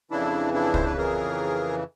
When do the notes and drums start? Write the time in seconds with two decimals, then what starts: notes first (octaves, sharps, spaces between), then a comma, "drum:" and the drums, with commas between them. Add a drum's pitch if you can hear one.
0.11 F2 C#3 E3 D4 E4
0.54 D4 E4
0.74 C5, drum: kick
0.86 B4
0.98 G#4 A#4